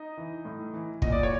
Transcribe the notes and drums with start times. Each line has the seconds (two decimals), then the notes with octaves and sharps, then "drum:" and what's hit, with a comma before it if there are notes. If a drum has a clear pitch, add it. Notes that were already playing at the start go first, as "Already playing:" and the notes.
Already playing: D#4 D#5
0.17 E3
0.45 A2
0.74 E3
1.02 A#2 D#5, drum: kick
1.12 D5
1.23 C#5